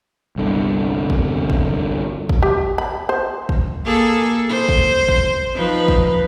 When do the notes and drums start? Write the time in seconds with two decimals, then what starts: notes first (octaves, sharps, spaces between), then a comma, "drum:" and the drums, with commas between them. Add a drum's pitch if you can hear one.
0.36 G1 C2 D3
1.10 drum: kick
1.50 drum: kick
2.29 drum: kick
2.42 G4
2.78 B5
3.09 C5
3.49 drum: kick
3.85 A#3 G#4 A4
4.49 C5
4.69 drum: kick
5.09 drum: kick
5.54 F3 D#4 B4
5.88 drum: kick